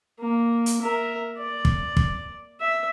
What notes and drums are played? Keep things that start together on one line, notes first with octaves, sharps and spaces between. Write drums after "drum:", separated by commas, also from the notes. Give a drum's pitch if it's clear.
A#3
drum: hi-hat
A#4 E5
D5
drum: kick
drum: kick
E5